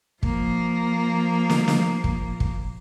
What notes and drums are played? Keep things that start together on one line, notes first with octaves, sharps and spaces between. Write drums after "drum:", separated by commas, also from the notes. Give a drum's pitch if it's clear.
F3 A#3, drum: kick
drum: snare
drum: snare
drum: kick
drum: kick